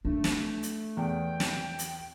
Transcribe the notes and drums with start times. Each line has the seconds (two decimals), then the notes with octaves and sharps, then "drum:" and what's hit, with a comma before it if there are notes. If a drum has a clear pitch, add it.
0.05 A3 D4
0.24 drum: snare
0.63 drum: hi-hat
0.97 E2 G5
1.40 drum: snare
1.79 drum: hi-hat